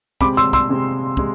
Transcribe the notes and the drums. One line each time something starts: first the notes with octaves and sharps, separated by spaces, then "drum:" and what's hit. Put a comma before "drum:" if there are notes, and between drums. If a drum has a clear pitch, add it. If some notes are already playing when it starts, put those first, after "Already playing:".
C3 G#3 C4 B5 D6, drum: kick
C6 E6
C6 E6, drum: kick
C3 G#3 C4
C3 G#3, drum: kick